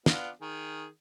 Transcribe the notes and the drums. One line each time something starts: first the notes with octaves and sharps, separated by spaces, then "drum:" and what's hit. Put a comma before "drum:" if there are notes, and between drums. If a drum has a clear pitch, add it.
B3 D4 F4, drum: snare
D#3 G#4